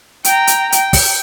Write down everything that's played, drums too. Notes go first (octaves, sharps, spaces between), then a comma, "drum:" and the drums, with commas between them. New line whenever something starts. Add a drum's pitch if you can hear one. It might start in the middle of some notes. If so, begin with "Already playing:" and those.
G5 A#5, drum: hi-hat
drum: hi-hat
G5, drum: hi-hat
drum: kick, open hi-hat